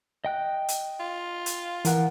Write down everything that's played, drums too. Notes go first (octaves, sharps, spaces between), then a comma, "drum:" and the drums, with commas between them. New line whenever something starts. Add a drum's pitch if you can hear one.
D#5 G5 F#6
drum: hi-hat
F4
drum: hi-hat
E3 A#4 F#5, drum: hi-hat